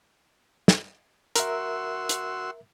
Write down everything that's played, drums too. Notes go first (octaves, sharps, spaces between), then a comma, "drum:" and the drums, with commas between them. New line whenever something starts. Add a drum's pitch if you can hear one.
drum: snare
F#4 A#4 E5 C6 E6, drum: hi-hat
drum: hi-hat